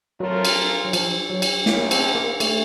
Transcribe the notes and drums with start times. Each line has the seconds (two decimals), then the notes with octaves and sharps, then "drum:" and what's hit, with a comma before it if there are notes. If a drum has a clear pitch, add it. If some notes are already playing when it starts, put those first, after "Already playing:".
0.20 F3 F#3 A3 C4 F4 A#4
0.45 drum: cymbal
0.85 F#3
0.93 F3, drum: cymbal
1.29 F#3
1.42 drum: cymbal
1.66 F#2 C#3 F3 A#3, drum: snare
1.91 C4, drum: cymbal
2.15 A#3
2.40 A3, drum: cymbal